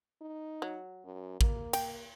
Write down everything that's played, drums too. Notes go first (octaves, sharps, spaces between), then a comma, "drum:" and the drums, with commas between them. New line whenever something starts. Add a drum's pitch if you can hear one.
D#4
F#3
F#2
A#3, drum: kick
G5, drum: cymbal